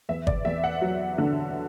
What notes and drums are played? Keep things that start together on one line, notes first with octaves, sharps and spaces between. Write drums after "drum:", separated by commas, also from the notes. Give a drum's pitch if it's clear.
E2 E5
D5, drum: kick G1
E2 E5
F#5
F#3
D3